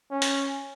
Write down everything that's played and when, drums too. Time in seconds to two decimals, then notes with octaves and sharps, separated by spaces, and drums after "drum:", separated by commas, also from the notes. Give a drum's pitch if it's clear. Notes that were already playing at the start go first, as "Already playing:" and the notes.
0.11 C#4
0.22 drum: hi-hat